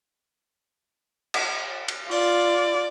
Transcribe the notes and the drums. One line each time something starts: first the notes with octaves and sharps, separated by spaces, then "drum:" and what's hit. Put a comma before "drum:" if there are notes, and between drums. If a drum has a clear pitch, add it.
drum: cymbal
drum: cymbal
F4 D5, drum: open hi-hat